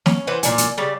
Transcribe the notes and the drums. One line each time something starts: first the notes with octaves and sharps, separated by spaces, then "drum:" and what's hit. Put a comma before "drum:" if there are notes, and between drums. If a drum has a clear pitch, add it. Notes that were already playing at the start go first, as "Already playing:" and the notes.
C#4, drum: snare
E3 B4 C5 F#5
A#2 G3 D5 G#5, drum: hi-hat
drum: hi-hat
C#3 G3 D5